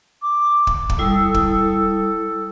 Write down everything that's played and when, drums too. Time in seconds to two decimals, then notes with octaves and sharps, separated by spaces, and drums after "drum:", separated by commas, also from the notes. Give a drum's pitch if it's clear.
0.22 D6
0.67 drum: kick
0.89 drum: kick
0.98 G3 E4 A4 D#6
1.34 drum: kick